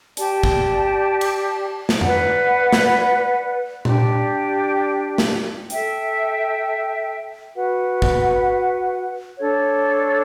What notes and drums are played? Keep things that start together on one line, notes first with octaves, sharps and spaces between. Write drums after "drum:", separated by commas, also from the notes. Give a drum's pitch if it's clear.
G4 D5 A5, drum: hi-hat
drum: kick
drum: cymbal
drum: snare
B4 D5 F#5, drum: tom F2
drum: snare
D4 G4 D5, drum: tom A#2
drum: snare
A4 E5 G5, drum: hi-hat
F#4 B4 F#5
drum: kick
D4 A4 C#5